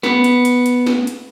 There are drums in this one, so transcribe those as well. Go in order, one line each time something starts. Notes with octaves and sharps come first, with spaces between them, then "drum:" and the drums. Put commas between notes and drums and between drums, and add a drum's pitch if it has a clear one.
B3, drum: snare
drum: hi-hat
drum: hi-hat
drum: hi-hat
drum: snare
drum: hi-hat